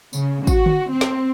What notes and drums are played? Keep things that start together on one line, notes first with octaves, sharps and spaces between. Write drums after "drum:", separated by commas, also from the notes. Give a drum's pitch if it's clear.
C#3, drum: tambourine
F#4, drum: kick G#1, tambourine
drum: tom D3
C4
drum: snare